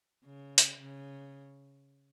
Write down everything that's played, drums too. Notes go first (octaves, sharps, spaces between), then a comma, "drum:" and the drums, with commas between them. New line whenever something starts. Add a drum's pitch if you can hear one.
C#3
drum: hi-hat
C#3